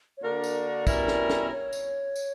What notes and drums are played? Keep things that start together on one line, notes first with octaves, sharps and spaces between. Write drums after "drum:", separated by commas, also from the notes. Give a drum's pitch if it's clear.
C#5
D3 A#3 D4 F#4 A#4 D5
drum: tambourine
B2 G3 C#4 E4 A#4, drum: kick, tambourine
drum: snare
drum: snare
C#5
drum: tambourine
drum: tambourine